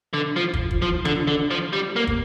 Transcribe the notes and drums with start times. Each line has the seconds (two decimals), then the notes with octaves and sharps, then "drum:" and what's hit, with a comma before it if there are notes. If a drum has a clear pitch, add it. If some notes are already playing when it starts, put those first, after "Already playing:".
0.13 D3
0.36 F3
0.54 drum: kick
0.71 drum: kick
0.82 F3
1.05 D3, drum: tom D#3
1.27 D3
1.51 F3
1.73 G3
1.96 A#3
2.07 drum: kick